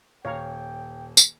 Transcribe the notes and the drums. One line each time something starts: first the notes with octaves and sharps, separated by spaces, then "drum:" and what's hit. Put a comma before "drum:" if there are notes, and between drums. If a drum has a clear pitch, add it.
D#1 C#5 F5 G5 A#5
drum: tambourine